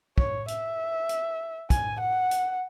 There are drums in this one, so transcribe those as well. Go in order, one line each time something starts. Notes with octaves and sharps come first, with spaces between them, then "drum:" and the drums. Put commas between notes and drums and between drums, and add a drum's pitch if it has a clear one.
C#5, drum: kick
E5, drum: hi-hat
drum: hi-hat
G#5, drum: kick, hi-hat
F#5
drum: hi-hat